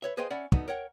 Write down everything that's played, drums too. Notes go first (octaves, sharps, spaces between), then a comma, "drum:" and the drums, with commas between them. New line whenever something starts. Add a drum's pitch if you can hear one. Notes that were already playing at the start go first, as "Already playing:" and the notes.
B4 C#5 E5
G#4 B4 C5 D#5 F5 G5
C#4 D5 E5 F#5 B5
D3 A3 B3 D#4 F#4, drum: kick
A#4 C#5 F#5 G5